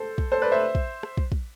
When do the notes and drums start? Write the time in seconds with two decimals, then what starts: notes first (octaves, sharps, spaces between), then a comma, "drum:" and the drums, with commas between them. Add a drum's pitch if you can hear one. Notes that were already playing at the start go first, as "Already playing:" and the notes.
Already playing: A4 C5
0.18 drum: kick
0.32 A4 C5
0.42 B4 D5
0.52 C5 E5
0.75 drum: kick
1.03 drum: rim click
1.17 drum: kick
1.32 drum: kick